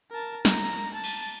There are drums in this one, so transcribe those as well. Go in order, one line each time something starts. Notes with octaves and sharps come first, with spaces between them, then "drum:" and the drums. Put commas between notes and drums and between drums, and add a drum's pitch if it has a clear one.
A#4 A5
A#5, drum: snare
A5
drum: cymbal